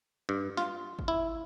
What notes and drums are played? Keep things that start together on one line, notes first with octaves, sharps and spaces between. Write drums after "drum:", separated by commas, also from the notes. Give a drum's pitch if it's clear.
G2
F4, drum: snare
drum: kick G#1
E4